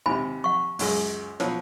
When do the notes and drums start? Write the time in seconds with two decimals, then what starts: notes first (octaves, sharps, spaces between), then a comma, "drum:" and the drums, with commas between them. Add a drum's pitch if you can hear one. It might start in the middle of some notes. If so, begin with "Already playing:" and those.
0.06 D#2 C3 G#5 B5
0.44 F#5 C#6
0.79 C#2 F#2 G#3, drum: open hi-hat
1.40 B2 F3 F#3, drum: snare